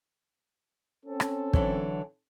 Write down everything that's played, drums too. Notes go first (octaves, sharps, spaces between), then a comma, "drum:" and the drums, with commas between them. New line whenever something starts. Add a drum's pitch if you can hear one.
C4 C#4 A4
drum: rim click
D3 E3 F#3, drum: kick